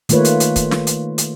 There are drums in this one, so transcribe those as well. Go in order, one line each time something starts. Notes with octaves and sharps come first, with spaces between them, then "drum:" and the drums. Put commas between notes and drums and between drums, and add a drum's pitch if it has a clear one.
D#3 A3 A#3 F4 B4 C#5, drum: hi-hat
drum: hi-hat
drum: hi-hat
drum: kick, hi-hat
drum: snare
drum: hi-hat
drum: hi-hat